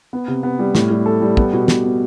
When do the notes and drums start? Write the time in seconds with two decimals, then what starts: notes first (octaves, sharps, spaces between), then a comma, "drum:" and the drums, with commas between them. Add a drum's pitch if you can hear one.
0.13 B3
0.28 C3
0.43 B3
0.59 G3
0.75 A2, drum: snare
0.90 G3
1.06 A4
1.22 G3
1.37 B3, drum: kick
1.53 B2
1.68 B2, drum: snare
1.84 B3